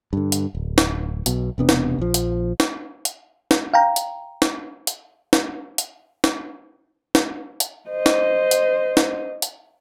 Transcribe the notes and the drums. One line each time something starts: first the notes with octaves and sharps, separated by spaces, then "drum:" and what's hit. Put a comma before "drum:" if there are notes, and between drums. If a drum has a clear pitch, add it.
G2 D3
drum: hi-hat
D1
drum: snare
B1 B2, drum: hi-hat
E1 C3 B3 D4
drum: snare
A#1 F3
drum: hi-hat
drum: snare
drum: hi-hat
drum: snare
F5 G5 A#5
drum: hi-hat
drum: snare
drum: hi-hat
drum: snare
drum: hi-hat
drum: snare
drum: snare
drum: hi-hat
C5 D#5
drum: snare
drum: hi-hat
drum: snare
drum: hi-hat